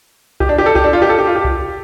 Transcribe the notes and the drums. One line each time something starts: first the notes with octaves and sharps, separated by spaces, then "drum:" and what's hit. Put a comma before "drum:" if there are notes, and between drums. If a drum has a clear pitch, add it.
G4, drum: kick C2
D4
G4
A4
G4, drum: kick C2
D4
F4
G4
A4
G4
F4
G4
drum: kick C2